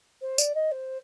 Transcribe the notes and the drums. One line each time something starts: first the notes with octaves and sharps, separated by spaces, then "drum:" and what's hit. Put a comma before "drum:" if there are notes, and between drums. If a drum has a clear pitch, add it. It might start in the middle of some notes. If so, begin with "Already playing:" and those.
C5
D5, drum: tambourine
D#5
C5